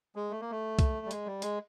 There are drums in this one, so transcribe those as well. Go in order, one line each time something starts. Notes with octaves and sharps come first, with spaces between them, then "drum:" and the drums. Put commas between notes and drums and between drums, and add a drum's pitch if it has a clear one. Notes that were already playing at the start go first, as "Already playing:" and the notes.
G#3
A3
A#3
A3
drum: kick, hi-hat
G3
G#3, drum: hi-hat
G3
G#3, drum: hi-hat